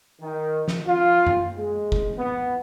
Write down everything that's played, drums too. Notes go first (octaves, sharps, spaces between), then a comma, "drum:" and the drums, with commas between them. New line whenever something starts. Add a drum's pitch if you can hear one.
D#3
drum: snare
F4
drum: tom F#2
G#3
drum: kick
B3